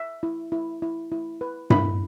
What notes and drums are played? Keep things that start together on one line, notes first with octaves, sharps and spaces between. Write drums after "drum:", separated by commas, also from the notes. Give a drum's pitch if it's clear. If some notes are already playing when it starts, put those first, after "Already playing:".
Already playing: E5
E4
E4
E4
E4
B4
E4 B5, drum: tom G2